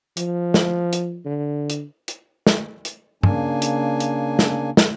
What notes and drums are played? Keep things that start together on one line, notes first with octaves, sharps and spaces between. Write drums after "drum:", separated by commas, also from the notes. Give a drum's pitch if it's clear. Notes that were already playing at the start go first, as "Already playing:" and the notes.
F3, drum: hi-hat
drum: snare
drum: hi-hat
D3
drum: hi-hat
drum: hi-hat
drum: snare
drum: hi-hat
C#3 A#3 D4 G#5, drum: tom G2
drum: hi-hat
drum: hi-hat
drum: snare
drum: snare